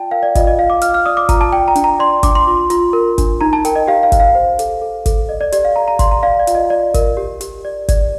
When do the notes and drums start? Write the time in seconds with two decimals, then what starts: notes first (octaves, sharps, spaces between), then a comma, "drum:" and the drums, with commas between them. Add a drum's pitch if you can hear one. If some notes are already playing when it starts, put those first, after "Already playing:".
Already playing: F4 D5 G5 A5
0.11 A#4 F5
0.23 D5
0.35 F4 D#5, drum: kick G1, hi-hat
0.47 D#5
0.59 F4 F5
0.70 D6
0.81 F4 F6, drum: hi-hat
0.94 F6
1.06 D5 D#6
1.17 D6
1.29 F4 A#5, drum: kick G1, hi-hat
1.41 A5
1.52 D5 G5
1.68 A#5
1.76 D4, drum: hi-hat
1.84 A#5
1.99 D5 C6
2.23 D4 D6, drum: kick G1, hi-hat
2.35 C6
2.47 F4
2.70 F4, drum: hi-hat
2.93 A#4
3.18 D4, drum: kick G1, hi-hat
3.41 D#4 A#5
3.53 A5
3.65 A#4 G5, drum: hi-hat
3.76 D#5
3.87 G4 F5
4.03 F5
4.12 G4, drum: kick G1, hi-hat
4.20 F5
4.35 C5
4.59 A4, drum: hi-hat
4.81 A4
5.06 A4, drum: kick G1, hi-hat
5.29 D5 D#5
5.41 D5
5.52 G4 D5, drum: hi-hat
5.65 F5
5.76 G4 A#5
5.88 A#5
5.99 D5 C6, drum: kick G1, hi-hat
6.11 A#5
6.23 D5 F5
6.40 D5
6.47 F4, drum: hi-hat
6.55 D#5
6.70 D5
6.94 A#4, drum: kick G1, hi-hat
7.17 G4
7.41 G4, drum: hi-hat
7.65 D5
7.88 D5, drum: kick G1, hi-hat